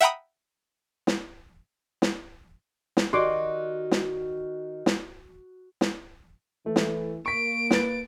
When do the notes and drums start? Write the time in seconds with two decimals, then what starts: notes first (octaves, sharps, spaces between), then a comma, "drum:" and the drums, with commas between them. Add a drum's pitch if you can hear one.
0.01 E5 F#5 G5 A#5 B5 D#6
1.07 drum: snare
2.02 drum: snare
2.97 drum: snare
3.13 D#3 F#4 G4 D5 C6 D6
3.91 drum: snare
4.86 drum: snare
5.81 drum: snare
6.66 E3 A3
6.76 drum: snare
7.26 A#3 C#6 B6 D7
7.71 B4 A6, drum: snare